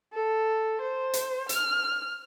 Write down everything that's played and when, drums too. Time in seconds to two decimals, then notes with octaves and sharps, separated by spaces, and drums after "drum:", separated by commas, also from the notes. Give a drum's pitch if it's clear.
0.13 A4
0.82 C5
1.14 drum: hi-hat
1.49 F6, drum: hi-hat